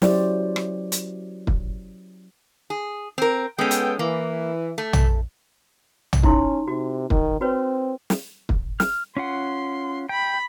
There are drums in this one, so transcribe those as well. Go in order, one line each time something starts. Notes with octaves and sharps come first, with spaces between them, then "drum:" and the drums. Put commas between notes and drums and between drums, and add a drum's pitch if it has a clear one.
F#3 C#4 E4 G4 C5 D5, drum: snare
drum: rim click
drum: hi-hat
drum: kick
G#4
C4 A#4
G#3 B3 C#4 A4 G5
drum: hi-hat
E3 A#3
A3
drum: tom
drum: tom
C#4 D#4 E4 C6, drum: kick
C3 F#4
D#3, drum: kick
C4 F#4 B4 C#5
drum: snare
drum: kick
F6, drum: snare
C#4 F4 F#5 C6
G5 B5